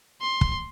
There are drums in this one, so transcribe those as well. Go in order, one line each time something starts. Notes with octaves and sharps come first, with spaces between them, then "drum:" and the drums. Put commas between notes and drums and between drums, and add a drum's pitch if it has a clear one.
C6
drum: kick